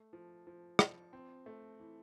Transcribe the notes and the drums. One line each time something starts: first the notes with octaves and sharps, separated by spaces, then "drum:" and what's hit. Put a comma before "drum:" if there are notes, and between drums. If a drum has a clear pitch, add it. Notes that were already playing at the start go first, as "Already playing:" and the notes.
Already playing: A3
F3
F3
F3, drum: rim click
C4
A3
E3